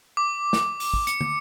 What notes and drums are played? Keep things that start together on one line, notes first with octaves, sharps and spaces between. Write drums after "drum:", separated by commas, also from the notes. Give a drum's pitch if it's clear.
D6
drum: snare
drum: open hi-hat
drum: kick
C#7, drum: hi-hat
drum: tom